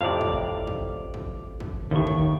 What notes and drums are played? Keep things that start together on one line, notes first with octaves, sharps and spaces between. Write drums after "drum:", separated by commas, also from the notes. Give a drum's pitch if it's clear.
F2 A2 C3 D5 F5
drum: kick
drum: kick
drum: kick
drum: kick
D#2 A2 D#3 C#6
drum: kick